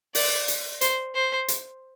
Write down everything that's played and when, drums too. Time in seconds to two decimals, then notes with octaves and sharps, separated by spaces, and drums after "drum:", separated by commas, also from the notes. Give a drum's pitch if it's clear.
0.15 D5, drum: open hi-hat
0.48 drum: hi-hat
0.81 C5, drum: hi-hat
1.15 C5
1.48 drum: hi-hat